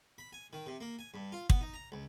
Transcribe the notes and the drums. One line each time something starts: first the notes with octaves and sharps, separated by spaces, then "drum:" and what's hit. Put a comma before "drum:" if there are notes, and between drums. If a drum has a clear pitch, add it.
B5
G#5
D#3
C3
A#3
G#5
G2
F4
B3, drum: kick
D#4
A#5
C#2